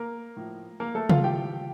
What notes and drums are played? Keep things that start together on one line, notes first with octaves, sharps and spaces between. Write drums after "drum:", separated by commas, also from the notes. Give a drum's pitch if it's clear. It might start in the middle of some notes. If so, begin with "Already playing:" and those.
Already playing: A#3 A#4
A2 F3
A#3 A#4
A3 A4
F4 F5, drum: tom C#3
A2 F3 G4 G5